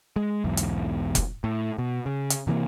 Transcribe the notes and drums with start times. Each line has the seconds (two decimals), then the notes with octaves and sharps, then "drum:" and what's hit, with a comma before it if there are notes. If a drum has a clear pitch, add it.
0.16 G#3
0.44 B1 E2 G#2
0.57 drum: hi-hat
1.15 drum: kick F1, hi-hat
1.44 A2
1.78 B2
2.06 C#3
2.30 drum: hi-hat
2.47 C3 E3 A3 A#3